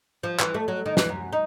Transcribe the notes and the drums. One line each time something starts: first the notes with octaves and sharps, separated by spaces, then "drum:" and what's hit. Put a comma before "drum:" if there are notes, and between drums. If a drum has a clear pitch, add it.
F3
E3, drum: clap
A3
F#3
D#3
E3, drum: snare
F#2
D#4